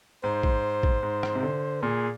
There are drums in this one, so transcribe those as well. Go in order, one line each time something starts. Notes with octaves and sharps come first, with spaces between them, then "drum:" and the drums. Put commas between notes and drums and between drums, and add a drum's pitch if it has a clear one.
G#2 C5
drum: kick A1
drum: kick A1
G#2
drum: rim click
C3
D3
A#2 G#4